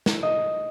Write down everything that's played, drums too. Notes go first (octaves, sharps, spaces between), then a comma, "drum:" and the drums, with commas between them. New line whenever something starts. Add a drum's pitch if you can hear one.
drum: snare
D#5